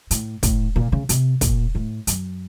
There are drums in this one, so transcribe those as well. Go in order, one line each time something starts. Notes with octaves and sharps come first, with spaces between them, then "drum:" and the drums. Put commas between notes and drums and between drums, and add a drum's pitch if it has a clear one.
A2, drum: hi-hat
A2, drum: kick, hi-hat
A#2
C#3
C3, drum: hi-hat
A#2, drum: kick, hi-hat
A2
F#2, drum: hi-hat